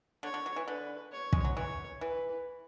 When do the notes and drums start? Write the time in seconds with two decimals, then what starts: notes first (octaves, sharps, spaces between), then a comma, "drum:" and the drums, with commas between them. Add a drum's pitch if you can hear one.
0.23 D3 C#5
0.34 D3
0.46 F#3
0.56 E3
0.67 D3 B4
1.12 C#5
1.33 G#3, drum: kick
1.45 F#3
1.56 E3 C#5
2.00 E3 B4